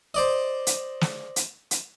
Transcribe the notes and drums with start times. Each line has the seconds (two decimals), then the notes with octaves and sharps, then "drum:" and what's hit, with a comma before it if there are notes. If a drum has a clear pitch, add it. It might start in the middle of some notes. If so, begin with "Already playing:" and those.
0.14 C5 D5 D#5
0.67 drum: hi-hat
1.01 drum: snare
1.36 drum: hi-hat
1.71 drum: hi-hat